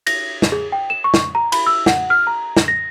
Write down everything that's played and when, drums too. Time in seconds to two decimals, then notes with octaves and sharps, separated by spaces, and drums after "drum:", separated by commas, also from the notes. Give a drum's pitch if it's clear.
0.07 A#6, drum: cymbal
0.42 drum: snare
0.52 G#4
0.72 G5
0.90 E7
1.04 C#6
1.14 drum: snare
1.35 A#5
1.52 B5, drum: cymbal
1.67 E6
1.86 F#5, drum: snare
2.10 F6
2.27 A#5
2.57 drum: snare
2.68 A#6